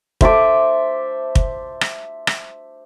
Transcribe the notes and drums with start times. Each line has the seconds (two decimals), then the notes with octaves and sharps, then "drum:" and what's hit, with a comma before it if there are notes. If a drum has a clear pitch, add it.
0.21 C5 E5 A5 D6, drum: kick
1.35 drum: kick
1.81 drum: rim click
2.27 drum: rim click